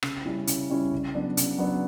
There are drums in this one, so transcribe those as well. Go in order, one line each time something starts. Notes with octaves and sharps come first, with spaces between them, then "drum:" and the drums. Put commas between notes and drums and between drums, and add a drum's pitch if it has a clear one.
C#3, drum: rim click
G3 C#4 E4
C#3, drum: hi-hat
G3 C#4 E4
C#3
F#3 B3 D4
C#3, drum: hi-hat
F#3 B3 D4